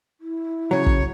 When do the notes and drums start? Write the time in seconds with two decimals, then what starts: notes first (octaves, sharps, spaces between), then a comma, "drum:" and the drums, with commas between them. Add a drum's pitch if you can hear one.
0.20 E4
0.71 C#3 F#3 C#5
0.86 drum: kick